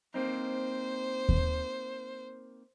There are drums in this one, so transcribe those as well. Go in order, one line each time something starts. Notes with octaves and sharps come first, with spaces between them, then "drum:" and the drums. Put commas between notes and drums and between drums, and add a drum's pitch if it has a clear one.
A#3 C4 D#4 C5
drum: kick D#2